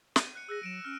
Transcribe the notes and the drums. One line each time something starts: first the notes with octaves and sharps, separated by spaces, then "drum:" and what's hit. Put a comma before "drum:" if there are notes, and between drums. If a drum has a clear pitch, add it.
D#7, drum: snare
F#6 C#7
G#4 E6 F#6 A#6
F#3 D7 E7
C#4 F6